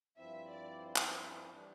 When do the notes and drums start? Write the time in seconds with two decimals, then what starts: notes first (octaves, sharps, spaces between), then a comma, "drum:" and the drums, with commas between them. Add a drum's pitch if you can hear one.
0.18 G2 F3 C4 E4 E5
0.52 D5
0.86 C5
0.96 drum: clap
1.53 E3 G3 D4